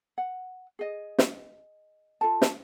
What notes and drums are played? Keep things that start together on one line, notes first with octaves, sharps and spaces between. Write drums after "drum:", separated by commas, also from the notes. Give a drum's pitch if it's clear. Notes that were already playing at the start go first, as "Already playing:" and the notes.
F#5
G#4 D#5
drum: snare
F4 A4 A5
drum: snare